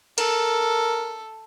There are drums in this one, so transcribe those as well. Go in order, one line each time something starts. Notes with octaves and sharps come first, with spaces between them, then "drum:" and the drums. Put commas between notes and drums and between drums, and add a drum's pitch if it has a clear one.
A4 A#4, drum: cymbal